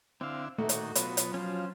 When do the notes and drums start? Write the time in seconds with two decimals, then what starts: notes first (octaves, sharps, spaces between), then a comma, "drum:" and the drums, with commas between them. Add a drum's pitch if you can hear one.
0.21 D3 C4 E4 F5
0.59 A#2 D#3 A3 F#4
0.69 drum: hi-hat
0.95 B2 F#3 B3 F4, drum: hi-hat
1.17 drum: hi-hat
1.34 F3 C#4 C5